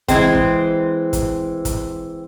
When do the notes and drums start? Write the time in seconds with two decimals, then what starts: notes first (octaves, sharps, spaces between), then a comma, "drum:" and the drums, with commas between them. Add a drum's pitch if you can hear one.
0.08 E3 G#3 C4, drum: kick, hi-hat
0.35 drum: kick
1.13 drum: kick, hi-hat
1.65 drum: kick, hi-hat